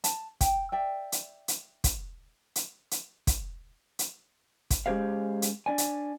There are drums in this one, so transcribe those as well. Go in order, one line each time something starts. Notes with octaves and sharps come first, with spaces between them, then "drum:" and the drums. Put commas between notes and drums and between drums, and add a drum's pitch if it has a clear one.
A5, drum: hi-hat
G5, drum: kick, hi-hat
D5 E5 G5
drum: hi-hat
drum: hi-hat
drum: kick, hi-hat
drum: hi-hat
drum: hi-hat
drum: kick, hi-hat
drum: hi-hat
drum: kick, hi-hat
G#3 C#4 G4 G#4 C5 F5
drum: hi-hat
D4 D5 G#5
drum: hi-hat